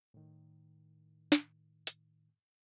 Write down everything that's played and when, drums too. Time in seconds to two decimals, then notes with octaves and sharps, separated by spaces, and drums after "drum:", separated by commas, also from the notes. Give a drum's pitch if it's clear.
0.14 A2 D#3
1.32 drum: snare
1.87 drum: hi-hat